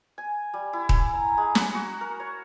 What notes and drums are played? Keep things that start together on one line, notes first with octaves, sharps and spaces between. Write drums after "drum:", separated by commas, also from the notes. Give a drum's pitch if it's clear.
G#5
G3
E4
G#5, drum: kick D#1
A#5
G#3
F#5, drum: snare
F#4
A#4
C#5